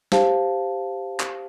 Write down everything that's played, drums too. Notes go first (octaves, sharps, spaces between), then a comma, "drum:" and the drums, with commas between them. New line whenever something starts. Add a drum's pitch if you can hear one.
G4 C5 F5 A5, drum: snare
drum: clap